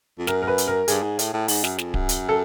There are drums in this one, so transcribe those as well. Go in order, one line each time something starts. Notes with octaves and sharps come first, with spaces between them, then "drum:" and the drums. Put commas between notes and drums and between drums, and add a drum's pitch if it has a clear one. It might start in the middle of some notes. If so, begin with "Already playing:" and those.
F2
F#2 A#4, drum: snare
A#4
B4
drum: hi-hat
A#4
G2 G#4, drum: hi-hat
G#2
A2, drum: hi-hat
A2
G#2, drum: open hi-hat
F#2, drum: snare
F2, drum: snare
F#2, drum: kick D1
drum: hi-hat
A4